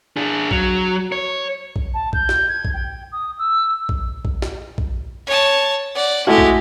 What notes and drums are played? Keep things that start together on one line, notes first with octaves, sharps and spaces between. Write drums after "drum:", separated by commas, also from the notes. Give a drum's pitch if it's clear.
D4 G#4
F#3, drum: kick
C#5
drum: kick
A5
G6, drum: kick
drum: snare
G#6
drum: kick
G5
D#6
E6
drum: kick
drum: kick
drum: snare
drum: kick
C#5 A5
D5 F#5
G#3 A3 E4 F#4 G4
drum: kick